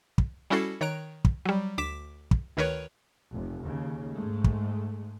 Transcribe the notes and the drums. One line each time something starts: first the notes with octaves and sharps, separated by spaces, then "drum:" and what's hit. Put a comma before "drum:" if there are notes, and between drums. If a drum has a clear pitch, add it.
drum: kick
G3 C#4 E4 F#4 A4 C7
D#3 C#5 A#5 F#6 D7
drum: kick
F#3 G3
D2 D6 B6 E7
drum: kick
D2 D#3 A#4 B4 C#5
F1
D#2 C#3
G#2 G#3 A3
drum: kick